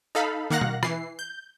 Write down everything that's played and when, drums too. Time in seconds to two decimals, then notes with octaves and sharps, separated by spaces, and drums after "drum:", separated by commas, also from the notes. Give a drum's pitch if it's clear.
0.15 D#4 A4 F5 B5
0.50 D#3 A#3 F5 F#5 F#6 A#6
0.61 drum: tom B2
0.83 E3 C7, drum: rim click
1.19 G6